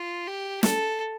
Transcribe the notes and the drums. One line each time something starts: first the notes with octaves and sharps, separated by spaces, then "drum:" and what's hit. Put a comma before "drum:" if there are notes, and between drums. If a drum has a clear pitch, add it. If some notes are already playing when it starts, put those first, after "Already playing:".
Already playing: F4
G4
A4, drum: snare